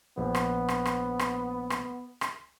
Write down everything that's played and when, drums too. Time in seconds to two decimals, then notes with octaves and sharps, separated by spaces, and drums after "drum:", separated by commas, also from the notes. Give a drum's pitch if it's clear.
0.18 A#1 B3
0.35 drum: rim click
0.68 drum: rim click
0.85 drum: rim click
1.19 drum: rim click
1.70 drum: rim click
2.21 drum: rim click